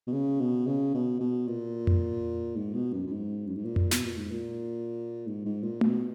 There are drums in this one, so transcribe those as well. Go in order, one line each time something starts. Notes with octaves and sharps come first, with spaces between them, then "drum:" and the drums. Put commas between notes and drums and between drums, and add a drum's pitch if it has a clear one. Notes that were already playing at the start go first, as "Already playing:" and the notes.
B2
C#3
B2
C#3
B2
B2
A#2
drum: tom F2
G#2
B2
F#2
F#2
G#2
F#2
G#2
A#2
drum: tom F2
B2, drum: snare
A#2
G#2
A#2
G#2
G#2
A#2
B2, drum: tom A3